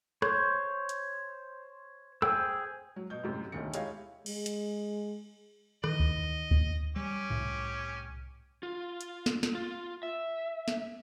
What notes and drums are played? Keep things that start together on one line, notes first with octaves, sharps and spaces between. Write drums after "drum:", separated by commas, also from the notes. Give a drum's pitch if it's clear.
C5 C#5, drum: rim click
drum: hi-hat
G#4 C5 G5 E6, drum: rim click
F#3
B2 G6
F#2 A2 C3
E1 D2 D#3 C#7
G#3 E4 G4 C#5 D#5 F5, drum: hi-hat
G#3, drum: cymbal
drum: hi-hat
D#3 E3 D#5, drum: rim click
drum: kick D2
drum: kick D2
G3 C#4 G4 G#5
C2 A2
F4
drum: hi-hat
drum: snare
drum: snare
F4
E5
drum: snare